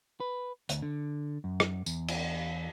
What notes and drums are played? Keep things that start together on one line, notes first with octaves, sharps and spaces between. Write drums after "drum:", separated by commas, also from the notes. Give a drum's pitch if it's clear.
B4
D2, drum: hi-hat
D3
F#2
drum: rim click
E2, drum: tambourine
drum: cymbal